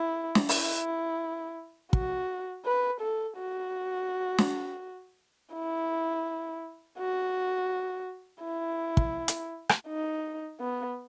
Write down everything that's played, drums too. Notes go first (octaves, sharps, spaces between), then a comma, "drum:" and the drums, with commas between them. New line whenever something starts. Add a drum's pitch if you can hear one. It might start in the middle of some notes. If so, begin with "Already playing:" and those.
Already playing: E4
drum: snare
E4, drum: open hi-hat
F#4, drum: kick
B4
A4
F#4
drum: snare
E4
F#4
E4
drum: kick
drum: hi-hat
drum: rim click
D#4
B3